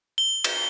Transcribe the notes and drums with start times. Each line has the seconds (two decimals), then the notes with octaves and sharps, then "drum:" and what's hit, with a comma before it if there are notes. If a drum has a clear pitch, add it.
0.18 G7
0.44 drum: cymbal